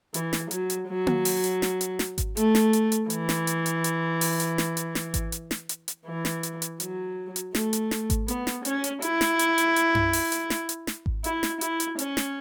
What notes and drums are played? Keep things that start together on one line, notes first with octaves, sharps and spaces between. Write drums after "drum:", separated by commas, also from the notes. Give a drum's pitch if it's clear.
E3, drum: hi-hat
drum: snare
F#3, drum: hi-hat
drum: hi-hat
F#3
drum: tom A#3
drum: open hi-hat
drum: hi-hat
drum: snare
drum: hi-hat
drum: snare
drum: kick G#1, hi-hat
A3, drum: hi-hat
drum: snare
drum: hi-hat
drum: hi-hat
E3, drum: hi-hat
drum: snare
drum: hi-hat
drum: hi-hat
drum: hi-hat
drum: open hi-hat
drum: hi-hat
drum: snare
drum: hi-hat
drum: snare
drum: kick G#1, hi-hat
drum: hi-hat
drum: snare
drum: hi-hat
drum: hi-hat
E3
drum: snare
drum: hi-hat
drum: hi-hat
F#3, drum: hi-hat
drum: hi-hat
A3, drum: snare
drum: hi-hat
drum: snare
drum: kick G#1, hi-hat
B3, drum: hi-hat
drum: snare
C#4, drum: hi-hat
drum: hi-hat
E4, drum: hi-hat
drum: snare
drum: hi-hat
drum: hi-hat
drum: hi-hat
drum: tom F#2
drum: open hi-hat
drum: hi-hat
drum: snare
drum: hi-hat
drum: snare
drum: kick G#1
E4, drum: hi-hat
drum: snare
E4, drum: hi-hat
drum: hi-hat
C#4, drum: hi-hat
drum: snare